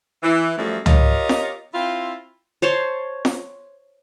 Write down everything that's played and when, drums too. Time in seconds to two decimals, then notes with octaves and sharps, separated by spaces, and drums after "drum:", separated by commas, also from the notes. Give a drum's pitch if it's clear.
0.23 E3
0.58 F#2 F3 G3 A3
0.86 F4 G4 A#4 C#5 D#5, drum: tom
1.29 drum: snare F4
1.74 C4 E4 F4
2.62 C5 C#5 A5 C6
3.25 drum: snare F4